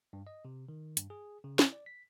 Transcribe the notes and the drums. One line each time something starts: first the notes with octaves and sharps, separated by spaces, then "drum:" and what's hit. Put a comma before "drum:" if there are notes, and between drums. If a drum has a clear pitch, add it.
G2
D#5
C3
D#3
G2, drum: hi-hat
G#4
C#3
E4, drum: snare
D5
B6